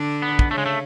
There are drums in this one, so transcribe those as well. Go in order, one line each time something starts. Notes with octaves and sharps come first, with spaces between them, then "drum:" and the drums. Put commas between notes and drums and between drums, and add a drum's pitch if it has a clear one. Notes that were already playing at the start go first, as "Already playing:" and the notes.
Already playing: D3 D4
B3
drum: kick
C#3 A3 C#4
G#3
A3